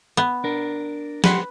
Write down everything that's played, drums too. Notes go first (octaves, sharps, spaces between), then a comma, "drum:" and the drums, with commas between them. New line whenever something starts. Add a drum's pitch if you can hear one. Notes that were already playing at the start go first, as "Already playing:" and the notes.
B3
D4 A#4
G4 B4 F#5 C6, drum: snare